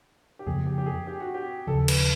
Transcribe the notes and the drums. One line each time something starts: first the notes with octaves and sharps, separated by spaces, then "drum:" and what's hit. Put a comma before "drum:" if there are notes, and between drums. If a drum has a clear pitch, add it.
G4
F2 C#3 F3 A#3 G#4
G4
G4
G#4
G4
F#4
G4
D#2 C#3 F3 A4
B4, drum: cymbal